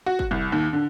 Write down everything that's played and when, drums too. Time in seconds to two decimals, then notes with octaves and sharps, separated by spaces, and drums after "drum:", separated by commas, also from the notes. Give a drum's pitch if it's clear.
0.06 F#4
0.19 drum: kick
0.31 C2
0.52 D#2
0.73 D3